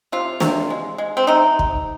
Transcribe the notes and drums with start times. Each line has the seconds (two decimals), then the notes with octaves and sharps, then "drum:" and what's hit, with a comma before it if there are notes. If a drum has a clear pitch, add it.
0.12 C3 F4
0.40 C3, drum: snare
0.70 G#3
0.98 G#3
1.17 C4
1.27 C3 D#4
1.59 drum: kick